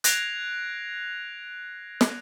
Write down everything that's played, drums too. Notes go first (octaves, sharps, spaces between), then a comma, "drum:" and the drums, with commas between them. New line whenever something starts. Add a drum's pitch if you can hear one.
F#6 G#6 A#6 C7 D7 F7, drum: hi-hat
drum: snare